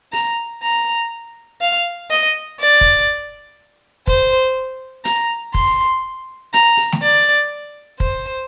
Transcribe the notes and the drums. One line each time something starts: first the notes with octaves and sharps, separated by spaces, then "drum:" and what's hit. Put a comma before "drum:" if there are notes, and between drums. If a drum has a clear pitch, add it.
A#5, drum: open hi-hat
A#5
F5
D#5
D5
drum: kick
C5, drum: kick
A#5, drum: hi-hat
C6, drum: kick
A#5, drum: hi-hat
drum: open hi-hat
drum: snare A3
D5
C5, drum: kick